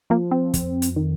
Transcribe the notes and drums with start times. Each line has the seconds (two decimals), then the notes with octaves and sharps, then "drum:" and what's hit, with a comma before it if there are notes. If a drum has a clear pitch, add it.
0.10 F3 A#3
0.31 C4
0.54 F2, drum: kick, hi-hat
0.82 drum: hi-hat
0.96 D#3